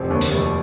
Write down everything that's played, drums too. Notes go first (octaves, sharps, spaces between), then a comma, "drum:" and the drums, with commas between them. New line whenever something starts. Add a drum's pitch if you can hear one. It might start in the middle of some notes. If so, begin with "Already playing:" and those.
Already playing: F1 C4
D#2 D3
drum: open hi-hat
F1